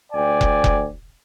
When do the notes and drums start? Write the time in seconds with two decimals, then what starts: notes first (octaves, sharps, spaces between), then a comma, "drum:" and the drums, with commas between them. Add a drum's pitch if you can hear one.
0.12 D2 D5 G5 G#5
0.41 drum: kick F1
0.64 drum: kick F1